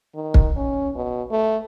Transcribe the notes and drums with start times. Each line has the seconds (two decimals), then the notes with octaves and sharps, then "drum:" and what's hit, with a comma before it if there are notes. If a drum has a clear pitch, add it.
0.15 D#3
0.34 drum: kick
0.56 C#4
0.95 B2
1.31 A3